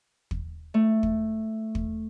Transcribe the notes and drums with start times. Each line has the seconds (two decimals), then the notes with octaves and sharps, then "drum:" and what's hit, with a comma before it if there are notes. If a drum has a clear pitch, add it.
0.31 drum: kick
0.74 A3
1.03 drum: kick
1.75 drum: kick